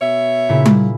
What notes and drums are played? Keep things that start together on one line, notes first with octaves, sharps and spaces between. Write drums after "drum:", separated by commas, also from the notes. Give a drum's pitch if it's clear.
B2 C#5 E5
A#2 C#3 E4
drum: tom G3